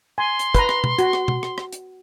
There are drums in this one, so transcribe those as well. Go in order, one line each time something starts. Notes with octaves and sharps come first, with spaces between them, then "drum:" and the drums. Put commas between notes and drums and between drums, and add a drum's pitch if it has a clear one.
G#5 C6
drum: hi-hat
B4 A#5, drum: kick, hi-hat
drum: rim click
drum: tom
F#4, drum: hi-hat
drum: rim click
drum: tom
drum: rim click
drum: rim click
drum: hi-hat